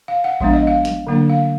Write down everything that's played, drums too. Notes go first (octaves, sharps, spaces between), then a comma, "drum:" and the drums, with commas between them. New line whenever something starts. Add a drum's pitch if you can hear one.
F5
F#5
F3 G#3 B3 D4 F5, drum: kick A1
D#5
F5
drum: snare
D3 F#3 A#3 D4
F5